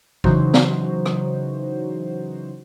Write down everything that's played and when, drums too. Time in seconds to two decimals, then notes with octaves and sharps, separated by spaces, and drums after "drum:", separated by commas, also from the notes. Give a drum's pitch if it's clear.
0.24 C#3 E3 F#3 D#4 F#4 C5, drum: kick G#1
0.54 drum: snare
1.06 drum: rim click